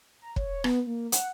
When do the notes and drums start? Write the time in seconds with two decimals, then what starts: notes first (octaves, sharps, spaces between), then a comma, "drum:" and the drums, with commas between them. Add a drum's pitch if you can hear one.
0.22 A#5
0.36 C#5, drum: kick
0.64 B3, drum: rim click
0.87 A#3
1.12 F#5, drum: hi-hat